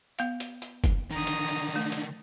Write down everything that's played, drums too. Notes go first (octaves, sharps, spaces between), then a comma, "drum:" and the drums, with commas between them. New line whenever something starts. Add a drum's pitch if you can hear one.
B3 F5, drum: hi-hat
drum: hi-hat
drum: hi-hat
drum: kick, hi-hat
D3 D#3 A#5 D#6
drum: hi-hat
drum: hi-hat
A3
drum: hi-hat